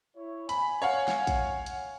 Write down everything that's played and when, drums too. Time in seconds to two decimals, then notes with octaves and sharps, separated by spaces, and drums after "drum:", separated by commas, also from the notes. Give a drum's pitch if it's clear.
0.17 E4 C#5
0.49 G#5 B5, drum: hi-hat
0.82 C#5 F5 F#5
1.08 drum: snare
1.27 drum: kick, hi-hat
1.66 drum: hi-hat